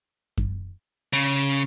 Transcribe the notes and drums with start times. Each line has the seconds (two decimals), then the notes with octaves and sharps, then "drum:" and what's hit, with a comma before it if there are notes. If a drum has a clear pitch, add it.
0.38 drum: kick F#2
1.13 C#3